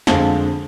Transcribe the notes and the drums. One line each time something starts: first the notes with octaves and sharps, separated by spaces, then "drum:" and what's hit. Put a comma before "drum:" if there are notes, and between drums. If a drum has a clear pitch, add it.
F2 D3 G#3 C4 F5 A5, drum: snare